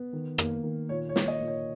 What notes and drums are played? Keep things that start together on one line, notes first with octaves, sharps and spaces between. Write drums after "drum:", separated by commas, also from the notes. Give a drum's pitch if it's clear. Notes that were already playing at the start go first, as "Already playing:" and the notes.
Already playing: B3
D#3
A#3, drum: rim click
D#3
A#2 C#5
C#5
A#3, drum: snare
D#5
A#2
C#5